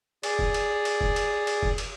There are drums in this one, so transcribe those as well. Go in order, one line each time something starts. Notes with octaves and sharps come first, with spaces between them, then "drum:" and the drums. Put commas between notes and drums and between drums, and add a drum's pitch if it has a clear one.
G#4 D5, drum: cymbal
drum: kick F#1
drum: cymbal
drum: cymbal
drum: kick F#1
drum: cymbal
drum: cymbal
drum: kick F#1
drum: cymbal